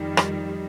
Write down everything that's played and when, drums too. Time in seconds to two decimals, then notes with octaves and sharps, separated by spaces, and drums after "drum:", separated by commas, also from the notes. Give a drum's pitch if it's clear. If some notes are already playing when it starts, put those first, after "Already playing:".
Already playing: F2 D#3 G3
0.17 drum: rim click